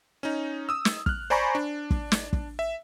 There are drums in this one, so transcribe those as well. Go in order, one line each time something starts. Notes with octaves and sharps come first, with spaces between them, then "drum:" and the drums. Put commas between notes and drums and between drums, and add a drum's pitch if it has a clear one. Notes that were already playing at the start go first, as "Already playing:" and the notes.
C#4 D#4
D#6 E6
drum: snare
F6 F#6, drum: kick
C5 D5 G#5 A#5 B5 C#6
D4
drum: kick
drum: snare
drum: kick
E5